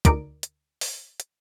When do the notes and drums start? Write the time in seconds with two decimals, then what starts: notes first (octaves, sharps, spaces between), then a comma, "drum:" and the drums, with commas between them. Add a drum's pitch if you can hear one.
0.05 D2 D#4 A#4 D5 D7, drum: kick, hi-hat
0.43 drum: hi-hat
0.81 drum: open hi-hat
1.20 drum: hi-hat